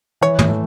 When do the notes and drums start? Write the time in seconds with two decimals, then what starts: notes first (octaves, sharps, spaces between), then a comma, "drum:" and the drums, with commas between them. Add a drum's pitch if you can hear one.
0.21 E3 C#5
0.39 drum: tom
0.48 A3